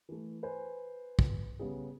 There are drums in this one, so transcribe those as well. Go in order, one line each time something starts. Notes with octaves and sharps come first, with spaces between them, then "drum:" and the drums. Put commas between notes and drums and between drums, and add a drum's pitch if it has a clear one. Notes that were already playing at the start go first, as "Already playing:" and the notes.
E3 A3
B4 C5 G#5
drum: kick
C#3 G3 B3 G#4